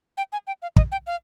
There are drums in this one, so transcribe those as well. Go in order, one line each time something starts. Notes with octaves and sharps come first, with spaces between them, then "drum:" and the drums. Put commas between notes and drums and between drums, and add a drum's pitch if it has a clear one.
G5
G#5
G5
F5
D#5, drum: kick
G5
F5